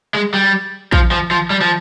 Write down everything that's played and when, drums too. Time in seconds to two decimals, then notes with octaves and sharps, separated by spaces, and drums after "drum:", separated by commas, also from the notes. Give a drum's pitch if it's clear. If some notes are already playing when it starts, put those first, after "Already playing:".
0.15 G#3
0.34 G3
0.92 F3, drum: kick
1.11 F3
1.31 F3
1.50 G3
1.61 F3